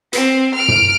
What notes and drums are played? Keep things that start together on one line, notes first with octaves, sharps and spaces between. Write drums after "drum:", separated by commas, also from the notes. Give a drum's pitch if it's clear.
C4, drum: hi-hat
F6 D7
drum: tom